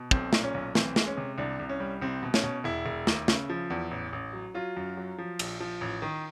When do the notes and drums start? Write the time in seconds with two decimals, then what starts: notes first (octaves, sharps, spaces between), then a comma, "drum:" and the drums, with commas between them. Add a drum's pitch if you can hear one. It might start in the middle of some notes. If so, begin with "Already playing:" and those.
Already playing: B2
0.11 B1 C4, drum: kick
0.33 A#2, drum: snare
0.43 C#4
0.54 B1
0.75 E3 C4, drum: snare
0.96 G#3, drum: snare
1.07 C#4
1.17 C3
1.38 C2 D4
1.59 C2
1.69 C#4
1.80 G3
2.02 C2 C4
2.23 B2
2.34 C#4, drum: snare
2.43 B2
2.64 E1 E4
2.86 E1
3.07 D#2, drum: snare
3.28 C#3, drum: snare
3.49 F3
3.70 E2
3.91 A1
4.13 A1
4.33 F#3
4.54 F#3 F4
4.76 F#2
4.97 F#3
5.18 F3
5.39 A#1, drum: cymbal
5.60 F3
5.81 A1
6.02 D#3